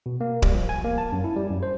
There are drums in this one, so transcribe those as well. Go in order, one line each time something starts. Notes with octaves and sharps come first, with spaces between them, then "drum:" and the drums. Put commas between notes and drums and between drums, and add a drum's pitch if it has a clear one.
B2
A#3
G3, drum: kick D1
F3
G#5
A#3
A5
F#2
E4
G3
F#2
C5